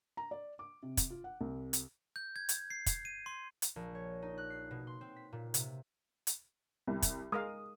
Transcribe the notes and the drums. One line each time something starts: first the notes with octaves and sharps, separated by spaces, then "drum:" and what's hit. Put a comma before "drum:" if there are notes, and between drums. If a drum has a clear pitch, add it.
A#5
D5
D6
C3
drum: kick, hi-hat
F4
F#5
C2
drum: hi-hat
G6
G#6
drum: hi-hat
C7
drum: kick, hi-hat
D#7
C6
drum: hi-hat
A#1
C#5
D#4
F#6
C7
B2
C6
C4
B6
A#2
C3, drum: hi-hat
drum: hi-hat
C2
drum: kick, hi-hat
G#3 A#4 F5 D#6